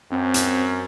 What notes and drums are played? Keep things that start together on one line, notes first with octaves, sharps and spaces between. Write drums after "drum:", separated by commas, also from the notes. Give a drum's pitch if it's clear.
F#2 C4
drum: hi-hat